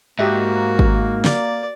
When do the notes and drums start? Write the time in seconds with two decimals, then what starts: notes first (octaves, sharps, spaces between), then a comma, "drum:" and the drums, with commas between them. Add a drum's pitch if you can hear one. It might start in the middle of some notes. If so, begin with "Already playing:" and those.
0.19 G#2 A#3 F#4 G4 D#5 E5
0.79 drum: kick
1.24 D5, drum: snare